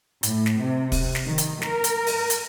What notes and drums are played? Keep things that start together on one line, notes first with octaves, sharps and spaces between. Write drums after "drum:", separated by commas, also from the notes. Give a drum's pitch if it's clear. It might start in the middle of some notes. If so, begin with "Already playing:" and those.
A2, drum: hi-hat
drum: snare
C3
drum: kick, open hi-hat
drum: snare
D#3
drum: hi-hat
A#4, drum: snare
drum: hi-hat
drum: open hi-hat
drum: hi-hat